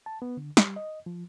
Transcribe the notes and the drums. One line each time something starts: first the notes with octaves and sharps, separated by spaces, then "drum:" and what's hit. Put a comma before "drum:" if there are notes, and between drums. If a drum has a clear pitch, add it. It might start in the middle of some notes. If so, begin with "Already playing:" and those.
A5
B3
D3
G3, drum: snare
D#5
F3